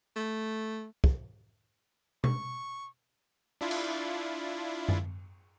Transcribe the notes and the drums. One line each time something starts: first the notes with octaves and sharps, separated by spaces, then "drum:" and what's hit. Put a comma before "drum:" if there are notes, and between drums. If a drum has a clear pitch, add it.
A3
drum: kick
C#6, drum: tom B2
D4 E4 F4
drum: cymbal
drum: tom F#2